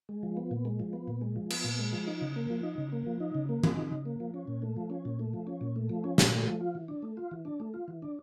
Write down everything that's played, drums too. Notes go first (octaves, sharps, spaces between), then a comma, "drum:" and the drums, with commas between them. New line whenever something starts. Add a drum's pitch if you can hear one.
G#3
F3
B3
A#2
G#3
F3
B3
A#2
G#3
F3
B3, drum: cymbal
A#2
G#3
F3
D#4
C#3
A#3
F3
D#4
C#3
A#3
F3
D#4
C#3
A#3
F3, drum: tom E3
D#4
C#3
A#3
F3
C#4
A#2
A3
F3
C#4
A#2
A3
F3
C#4
A#2
A3
F3
C#4
A#2, drum: snare
A3
F3
F4
E3
D4
A3
F4
E3
D4
A3
F4
E3
D4